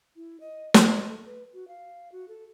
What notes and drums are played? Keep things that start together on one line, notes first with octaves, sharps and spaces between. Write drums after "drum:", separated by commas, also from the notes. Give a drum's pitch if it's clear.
E4
D#5
D#5, drum: snare
A4
B4
F#4
F5
F#4
A4